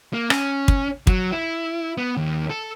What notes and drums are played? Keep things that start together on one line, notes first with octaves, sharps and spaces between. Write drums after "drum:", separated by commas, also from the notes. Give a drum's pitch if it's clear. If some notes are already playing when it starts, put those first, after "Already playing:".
A#3
C#4, drum: rim click
drum: kick
F#3, drum: kick
E4
B3
D#2
A4